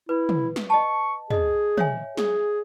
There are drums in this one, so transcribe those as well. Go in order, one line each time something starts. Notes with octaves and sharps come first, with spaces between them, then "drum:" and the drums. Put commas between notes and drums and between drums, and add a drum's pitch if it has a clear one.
E4 B4
drum: tom
drum: snare
D#5 A5 C#6
G#4 D#5, drum: tom
C#5 E5 G#5, drum: tom
G#4, drum: snare